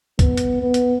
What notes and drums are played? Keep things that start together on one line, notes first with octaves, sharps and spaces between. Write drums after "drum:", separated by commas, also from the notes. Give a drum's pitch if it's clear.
B3, drum: kick, hi-hat
drum: hi-hat
B3
drum: hi-hat